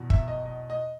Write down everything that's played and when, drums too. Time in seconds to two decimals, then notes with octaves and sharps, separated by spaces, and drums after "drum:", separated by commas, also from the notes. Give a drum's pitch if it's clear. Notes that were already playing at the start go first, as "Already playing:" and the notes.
Already playing: E2 B2
0.10 E5, drum: kick
0.28 D#5
0.46 D#5
0.70 D#5